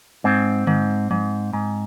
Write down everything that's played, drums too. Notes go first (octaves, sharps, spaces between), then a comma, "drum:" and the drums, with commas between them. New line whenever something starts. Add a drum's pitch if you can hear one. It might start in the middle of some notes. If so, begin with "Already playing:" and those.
G#2 C4
G#2, drum: tom D3
G#2, drum: tom F3
G#2